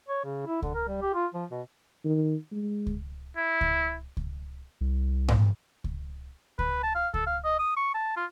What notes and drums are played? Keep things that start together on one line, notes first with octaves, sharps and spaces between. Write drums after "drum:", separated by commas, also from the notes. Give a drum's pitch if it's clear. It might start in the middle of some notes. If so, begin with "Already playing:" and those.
C#5
C#3
E4
D3, drum: kick C#2
A#4
G3
G4
F4
F3
B2
D#3
G#3
drum: kick C#2
E4
drum: kick C#2
drum: kick C#2
C2
drum: tom G#2
drum: kick C#2
B4, drum: kick C#2
A5
F5
A4, drum: kick C#2
F5
D#5
D#6
C#6
A5
F4